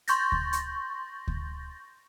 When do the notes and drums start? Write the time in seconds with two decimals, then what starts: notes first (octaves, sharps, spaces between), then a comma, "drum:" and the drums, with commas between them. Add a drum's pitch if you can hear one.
0.08 C6 C#6 G6 A6 A#6, drum: hi-hat
0.32 drum: kick D2
0.53 drum: hi-hat
1.28 drum: kick D2